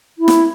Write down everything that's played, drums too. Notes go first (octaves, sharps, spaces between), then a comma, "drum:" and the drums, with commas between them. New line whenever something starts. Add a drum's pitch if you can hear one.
E4
drum: snare